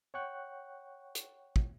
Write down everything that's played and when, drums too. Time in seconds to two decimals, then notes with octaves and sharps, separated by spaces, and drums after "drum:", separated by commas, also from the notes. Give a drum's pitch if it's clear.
0.14 C#5 F#5 G5 C#6 F#6
1.15 drum: hi-hat
1.56 drum: kick